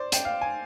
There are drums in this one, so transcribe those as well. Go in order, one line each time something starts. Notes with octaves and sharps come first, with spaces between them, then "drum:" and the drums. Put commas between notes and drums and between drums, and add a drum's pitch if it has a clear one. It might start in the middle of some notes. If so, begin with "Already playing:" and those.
Already playing: C5 D5
G5, drum: hi-hat
F5
G#5